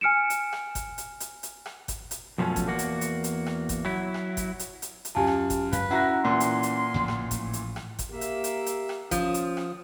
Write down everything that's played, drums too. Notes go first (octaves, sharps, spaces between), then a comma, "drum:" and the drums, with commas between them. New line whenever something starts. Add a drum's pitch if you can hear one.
G#5 F6 C#7 D7 E7
drum: hi-hat
drum: rim click
drum: kick G1, hi-hat
drum: hi-hat
drum: hi-hat
drum: hi-hat
drum: rim click
drum: kick G1, hi-hat
drum: hi-hat
F#2 B2 F3 A3 C#4
drum: kick G1, hi-hat
E2 A#3 F#4
drum: hi-hat
drum: hi-hat
drum: hi-hat
drum: rim click
drum: kick G1, hi-hat
F#3 E4
drum: rim click
drum: kick G1, hi-hat
drum: hi-hat
drum: hi-hat
drum: hi-hat
F#2 F4 G4 G#5 A5
drum: rim click
drum: kick G1, hi-hat
F#2 B4 F5, drum: hi-hat
C#4 E4 F#4 F#5 A#5 F#6 A#6
A#2 E3 C6
drum: hi-hat
drum: hi-hat
A1 A2 F3
drum: rim click
drum: kick G1, hi-hat
drum: hi-hat
drum: rim click
drum: kick G1, hi-hat
A#3 G4 E5
drum: hi-hat
drum: hi-hat
drum: hi-hat
drum: rim click
F3 C#4 D#6, drum: kick G1, hi-hat
drum: hi-hat
drum: rim click